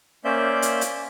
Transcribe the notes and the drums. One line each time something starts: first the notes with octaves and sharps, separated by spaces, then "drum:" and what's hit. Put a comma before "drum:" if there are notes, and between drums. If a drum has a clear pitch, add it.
A#3 C#4 C5 D5 E5 G6
drum: hi-hat
drum: hi-hat